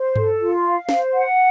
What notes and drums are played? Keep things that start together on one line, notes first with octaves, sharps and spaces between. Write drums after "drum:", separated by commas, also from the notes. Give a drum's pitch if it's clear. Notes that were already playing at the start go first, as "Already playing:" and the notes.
Already playing: C5
A4, drum: tom G2
F4
F5
C5, drum: snare
F#5